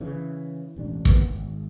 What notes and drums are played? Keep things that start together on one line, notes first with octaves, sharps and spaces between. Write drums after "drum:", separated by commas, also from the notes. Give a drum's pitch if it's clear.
C#3 E3
E1 A1 D4
D1 D#2 B3, drum: kick
G#1